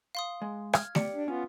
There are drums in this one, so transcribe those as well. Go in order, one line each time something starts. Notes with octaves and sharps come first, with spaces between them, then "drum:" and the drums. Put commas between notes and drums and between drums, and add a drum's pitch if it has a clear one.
F5 C6 D#6
G#3
F6 G#6, drum: rim click
G4 D5 C#7, drum: snare A3
D4
B3 C#4 F4